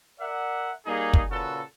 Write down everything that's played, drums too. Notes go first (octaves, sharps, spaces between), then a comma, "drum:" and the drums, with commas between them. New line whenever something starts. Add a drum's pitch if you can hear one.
A#4 D5 E5 F#5
G3 A#3 D#4 G#4
drum: kick
A#2 C#3 F#4 A4 B4